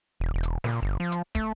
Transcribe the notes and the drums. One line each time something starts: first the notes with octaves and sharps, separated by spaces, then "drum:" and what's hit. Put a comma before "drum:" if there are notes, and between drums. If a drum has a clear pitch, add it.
E1
E1
drum: hi-hat
A#2, drum: snare
G1
F3
drum: hi-hat
A3, drum: kick, hi-hat